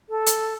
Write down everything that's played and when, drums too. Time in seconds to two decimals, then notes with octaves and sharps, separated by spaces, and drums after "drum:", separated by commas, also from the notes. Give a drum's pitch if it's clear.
0.09 A4
0.27 drum: hi-hat